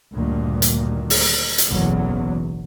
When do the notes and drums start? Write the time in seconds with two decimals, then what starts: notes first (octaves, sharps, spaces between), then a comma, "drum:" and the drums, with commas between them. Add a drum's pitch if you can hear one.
0.14 D2 G2 A#2 D#3
0.62 drum: hi-hat
1.10 drum: open hi-hat
1.58 drum: hi-hat
1.68 F#1 B1 E2 F#3